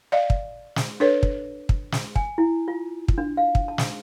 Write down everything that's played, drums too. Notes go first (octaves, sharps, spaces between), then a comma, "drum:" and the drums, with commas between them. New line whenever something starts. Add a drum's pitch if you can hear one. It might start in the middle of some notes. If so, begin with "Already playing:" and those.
D5 D#5 F5
drum: kick
drum: snare
D4 A4 B4 C#5
drum: kick
drum: kick
drum: snare
G#5, drum: kick
E4
F4
drum: kick
D4
F5
drum: kick
A5
drum: snare